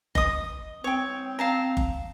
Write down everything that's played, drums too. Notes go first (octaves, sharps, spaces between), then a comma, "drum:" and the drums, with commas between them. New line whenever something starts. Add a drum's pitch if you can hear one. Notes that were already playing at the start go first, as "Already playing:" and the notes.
D#5 D#6, drum: kick F#1
C4 C#5 G5
F5 A5 A#5
drum: kick F#1